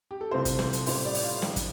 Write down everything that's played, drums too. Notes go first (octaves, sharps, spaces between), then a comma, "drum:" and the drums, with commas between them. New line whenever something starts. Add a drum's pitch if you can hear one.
G4
A4
C2 C3 A3 C4 F4 C5
drum: kick, hi-hat
C5, drum: snare
drum: hi-hat
A1 A2 G3 F4 C5, drum: open hi-hat
D5
drum: open hi-hat
F5
F2 F3 D4 F4 G5, drum: snare
drum: kick, hi-hat